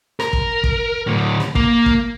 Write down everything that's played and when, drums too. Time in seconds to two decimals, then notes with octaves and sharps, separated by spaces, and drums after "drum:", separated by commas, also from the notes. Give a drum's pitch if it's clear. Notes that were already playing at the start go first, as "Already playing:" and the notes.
0.20 A#4, drum: rim click
0.33 drum: kick
0.64 drum: kick
1.07 A2 D3
1.40 drum: rim click
1.55 A#3, drum: kick
1.86 drum: kick